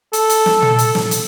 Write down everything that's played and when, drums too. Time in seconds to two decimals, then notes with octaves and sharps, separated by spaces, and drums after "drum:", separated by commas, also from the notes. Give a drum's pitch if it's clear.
0.13 A4, drum: hi-hat
0.30 drum: hi-hat
0.46 drum: snare
0.62 drum: tom
0.79 drum: hi-hat
0.95 drum: snare
1.11 drum: hi-hat